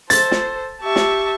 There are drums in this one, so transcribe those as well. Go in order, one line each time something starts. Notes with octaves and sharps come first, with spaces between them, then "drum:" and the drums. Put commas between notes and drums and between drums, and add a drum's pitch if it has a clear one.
A4 C5 A6, drum: hi-hat
drum: snare
G4 E5 A5 C#6
drum: snare